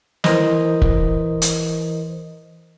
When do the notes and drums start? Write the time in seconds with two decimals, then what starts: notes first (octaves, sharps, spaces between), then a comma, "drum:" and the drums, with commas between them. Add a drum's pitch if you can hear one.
0.24 E3 A#4 C5 D#5, drum: snare
0.82 drum: kick
1.42 drum: hi-hat